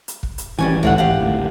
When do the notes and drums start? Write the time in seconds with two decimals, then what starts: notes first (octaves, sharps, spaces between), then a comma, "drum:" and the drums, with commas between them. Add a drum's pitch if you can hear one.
0.08 drum: hi-hat
0.23 drum: kick
0.38 drum: hi-hat
0.59 G#1 E3 G3 C#4 G#5
0.83 A2 D3 F#5, drum: tom C2
0.98 G4 F5 F#5
1.20 G#1 D2 A2